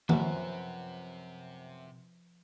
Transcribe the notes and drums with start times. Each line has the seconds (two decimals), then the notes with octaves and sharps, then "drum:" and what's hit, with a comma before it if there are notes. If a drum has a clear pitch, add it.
0.09 F#2 C3 F3 B4 E5, drum: tom D#3